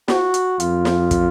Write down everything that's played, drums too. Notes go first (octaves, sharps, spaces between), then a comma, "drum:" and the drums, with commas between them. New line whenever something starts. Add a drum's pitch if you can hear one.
F#4, drum: snare
drum: hi-hat
F2 F4, drum: hi-hat
drum: snare
drum: kick, hi-hat